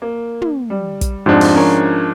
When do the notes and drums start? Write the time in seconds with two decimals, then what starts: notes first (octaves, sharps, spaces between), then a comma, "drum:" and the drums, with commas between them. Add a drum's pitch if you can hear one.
0.02 A#3
0.42 drum: tom
0.70 G3
1.01 drum: kick, hi-hat
1.26 F1 F2 G#2 F3 D4
1.41 drum: open hi-hat
1.54 C#4 A#4 C#5